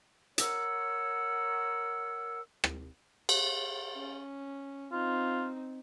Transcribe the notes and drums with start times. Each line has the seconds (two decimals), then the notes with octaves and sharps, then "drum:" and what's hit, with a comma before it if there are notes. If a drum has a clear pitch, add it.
0.38 A#4 C#5 F#5 E6, drum: hi-hat
2.64 drum: rim click
3.29 drum: cymbal
3.94 C#4
4.92 C4 D#4 F4